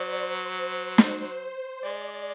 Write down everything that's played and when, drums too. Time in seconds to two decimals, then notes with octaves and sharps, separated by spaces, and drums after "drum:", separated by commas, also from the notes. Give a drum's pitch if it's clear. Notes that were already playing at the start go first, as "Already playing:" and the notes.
Already playing: F#3 C5 D5
0.23 C5
0.98 drum: snare
1.83 G#3 D5